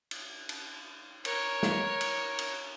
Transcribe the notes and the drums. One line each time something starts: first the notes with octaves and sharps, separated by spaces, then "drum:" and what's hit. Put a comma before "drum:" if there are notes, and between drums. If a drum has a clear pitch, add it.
drum: cymbal
drum: cymbal
A#4 C#5, drum: cymbal
drum: snare
drum: cymbal
drum: cymbal